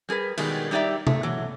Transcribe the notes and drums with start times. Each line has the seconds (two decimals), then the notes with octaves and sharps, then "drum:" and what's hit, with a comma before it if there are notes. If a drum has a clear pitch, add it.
0.09 G3 G#4 A#4 B4
0.37 B2 D#3 G3 G#3, drum: cymbal
0.71 G3 D#4 G4 D5 E5 A#5
1.07 A3, drum: tom C3
1.23 E3 F#3